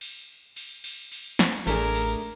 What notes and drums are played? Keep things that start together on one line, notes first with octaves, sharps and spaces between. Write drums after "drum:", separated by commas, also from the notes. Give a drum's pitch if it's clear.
drum: cymbal
drum: cymbal
drum: cymbal
drum: cymbal
drum: snare
A1 A3 D4 G#4 A#4, drum: cymbal
drum: cymbal